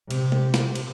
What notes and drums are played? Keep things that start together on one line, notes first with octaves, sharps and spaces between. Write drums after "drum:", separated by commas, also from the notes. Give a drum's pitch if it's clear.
C3, drum: cymbal
drum: tom
drum: snare
drum: cymbal